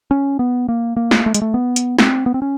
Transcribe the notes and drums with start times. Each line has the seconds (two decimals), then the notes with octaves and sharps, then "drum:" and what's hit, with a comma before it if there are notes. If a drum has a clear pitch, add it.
0.11 C#4
0.39 B3
0.69 A#3
0.97 A#3
1.11 drum: snare
1.26 A3
1.34 G#3, drum: hi-hat
1.42 A3
1.54 B3
1.76 drum: hi-hat
1.99 C4, drum: snare
2.26 B3
2.34 C4
2.42 C#4